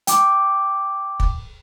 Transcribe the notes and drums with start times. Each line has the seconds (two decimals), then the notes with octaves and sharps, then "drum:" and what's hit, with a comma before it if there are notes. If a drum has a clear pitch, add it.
0.07 G5 D6, drum: hi-hat
1.20 drum: kick